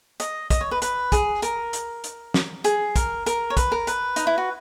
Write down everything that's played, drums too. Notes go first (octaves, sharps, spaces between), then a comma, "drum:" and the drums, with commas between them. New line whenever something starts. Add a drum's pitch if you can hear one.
D#5, drum: hi-hat
D#5, drum: kick, hi-hat
C#5
B4
B4, drum: hi-hat
G#4, drum: kick, hi-hat
A#4, drum: hi-hat
drum: hi-hat
drum: hi-hat
drum: snare
G#4, drum: hi-hat
A#4, drum: kick, hi-hat
A#4, drum: hi-hat
C#5
B4, drum: kick, hi-hat
A#4
B4, drum: hi-hat
D#4, drum: hi-hat
E4
F#4